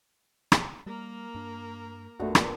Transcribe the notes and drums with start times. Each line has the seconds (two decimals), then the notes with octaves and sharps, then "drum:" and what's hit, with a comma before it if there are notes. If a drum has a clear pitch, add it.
0.52 drum: rim click
0.86 G3 A#3 A#4
1.34 G2 D4
2.20 A1 F2 A#2 D3 A3 B3 F#4
2.35 drum: rim click